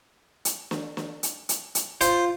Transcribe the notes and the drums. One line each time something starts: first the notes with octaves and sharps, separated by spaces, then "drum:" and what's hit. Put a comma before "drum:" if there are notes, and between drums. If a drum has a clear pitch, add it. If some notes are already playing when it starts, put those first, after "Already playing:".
drum: hi-hat
drum: snare
drum: snare
drum: hi-hat
drum: hi-hat
drum: hi-hat
F4 C5, drum: hi-hat